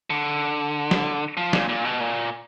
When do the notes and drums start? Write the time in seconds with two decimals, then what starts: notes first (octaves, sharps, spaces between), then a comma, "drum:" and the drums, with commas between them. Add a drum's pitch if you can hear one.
0.10 D3
0.91 drum: snare
1.37 F3
1.53 A#2, drum: snare
1.69 A#2
1.85 B2
2.00 A#2